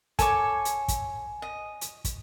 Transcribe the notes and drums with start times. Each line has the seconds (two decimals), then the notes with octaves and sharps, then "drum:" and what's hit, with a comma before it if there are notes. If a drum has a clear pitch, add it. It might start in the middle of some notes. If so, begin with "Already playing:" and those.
0.19 A4 C#5 G#5 D6, drum: kick, hi-hat
0.65 drum: hi-hat
0.88 drum: kick, hi-hat
1.42 D#5
1.81 drum: hi-hat
2.04 drum: kick, hi-hat